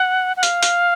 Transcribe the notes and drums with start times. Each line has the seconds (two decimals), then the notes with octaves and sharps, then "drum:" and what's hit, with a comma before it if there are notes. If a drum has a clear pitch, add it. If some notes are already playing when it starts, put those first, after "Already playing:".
Already playing: F#5
0.36 F#5
0.43 F5, drum: hi-hat
0.63 drum: hi-hat